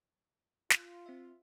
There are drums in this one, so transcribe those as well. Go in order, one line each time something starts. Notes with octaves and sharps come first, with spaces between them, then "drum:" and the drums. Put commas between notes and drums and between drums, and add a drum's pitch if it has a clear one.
F4, drum: snare
C4 E5